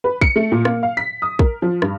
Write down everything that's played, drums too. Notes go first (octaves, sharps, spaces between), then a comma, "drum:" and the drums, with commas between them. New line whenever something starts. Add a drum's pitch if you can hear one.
B4
C#7, drum: kick
A3
A#2
A#3, drum: rim click
F5
B6
D#6
A#4, drum: kick
F3
G2, drum: rim click